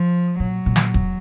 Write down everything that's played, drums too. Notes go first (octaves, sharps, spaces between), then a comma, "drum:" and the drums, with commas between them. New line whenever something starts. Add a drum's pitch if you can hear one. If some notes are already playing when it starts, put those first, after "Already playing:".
Already playing: F3
A#2 F#3
A#2
drum: snare
E2, drum: kick